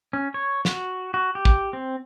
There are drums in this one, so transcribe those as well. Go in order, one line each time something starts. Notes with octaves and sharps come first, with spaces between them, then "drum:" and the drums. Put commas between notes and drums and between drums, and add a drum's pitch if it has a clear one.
C#4
C#5
F#4, drum: snare
F#4
G4
drum: kick
C4